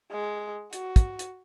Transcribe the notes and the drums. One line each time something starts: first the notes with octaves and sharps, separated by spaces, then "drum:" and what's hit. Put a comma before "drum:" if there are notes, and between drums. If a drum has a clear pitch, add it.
G#3
F#4, drum: hi-hat
drum: kick, hi-hat
drum: hi-hat